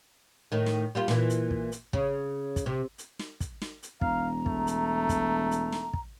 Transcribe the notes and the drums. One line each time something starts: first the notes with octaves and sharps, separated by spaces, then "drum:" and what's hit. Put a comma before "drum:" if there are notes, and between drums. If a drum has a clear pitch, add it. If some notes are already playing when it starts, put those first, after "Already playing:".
A2 D#3
drum: snare
G3 A#3 F4
A#2 E3, drum: snare
drum: hi-hat
drum: kick
drum: hi-hat
C#3, drum: kick
drum: kick, hi-hat
C3
drum: hi-hat
drum: snare
drum: kick, hi-hat
drum: snare
drum: hi-hat
E1 F5 A#5, drum: kick
A3, drum: kick
drum: hi-hat
drum: kick, hi-hat
drum: hi-hat
drum: snare
drum: kick